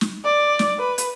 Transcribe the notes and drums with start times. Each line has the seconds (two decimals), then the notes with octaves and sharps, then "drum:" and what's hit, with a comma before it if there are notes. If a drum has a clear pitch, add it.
0.01 drum: snare
0.24 D5
0.59 drum: snare
0.78 B4
0.98 drum: hi-hat